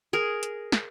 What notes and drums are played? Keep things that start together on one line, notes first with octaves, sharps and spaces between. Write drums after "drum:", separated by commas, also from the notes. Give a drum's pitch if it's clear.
G#4 A#4
drum: hi-hat
drum: snare